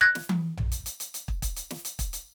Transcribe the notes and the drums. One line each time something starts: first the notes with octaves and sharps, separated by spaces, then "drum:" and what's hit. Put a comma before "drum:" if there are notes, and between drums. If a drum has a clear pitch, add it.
F#6 G#6 A#6
drum: snare
drum: tom E3
drum: tom A#1
drum: hi-hat
drum: hi-hat
drum: hi-hat
drum: hi-hat
drum: kick
drum: kick, hi-hat
drum: hi-hat
drum: snare
drum: hi-hat
drum: kick, hi-hat
drum: hi-hat